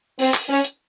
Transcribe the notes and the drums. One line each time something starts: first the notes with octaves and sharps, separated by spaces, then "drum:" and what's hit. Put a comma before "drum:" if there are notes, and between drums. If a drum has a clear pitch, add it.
C4, drum: open hi-hat
drum: clap
C#4
drum: hi-hat